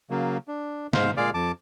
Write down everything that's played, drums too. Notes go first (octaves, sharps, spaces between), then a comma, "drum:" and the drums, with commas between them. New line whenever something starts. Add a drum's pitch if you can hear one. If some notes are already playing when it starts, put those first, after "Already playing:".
C#3 F#3 A#3
D4
G#2 C5 F5, drum: snare
A#2 G#3 G#4 D5 F5 D6
F2 A5 D6